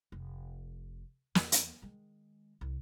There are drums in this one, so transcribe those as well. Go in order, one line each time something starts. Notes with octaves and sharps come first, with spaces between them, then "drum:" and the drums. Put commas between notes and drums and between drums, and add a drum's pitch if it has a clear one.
F1
E2, drum: snare
drum: hi-hat
D#3 G#3
C2